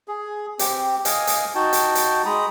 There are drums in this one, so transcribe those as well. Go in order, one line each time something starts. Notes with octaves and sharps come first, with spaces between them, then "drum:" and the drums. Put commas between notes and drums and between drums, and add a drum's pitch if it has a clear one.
G#4
C4 G4, drum: hi-hat
D#5 F5 G#5 D#6, drum: hi-hat
drum: hi-hat
D#4 F#4 G5 A5
drum: hi-hat
drum: hi-hat
G#3 A#5 B5 D#6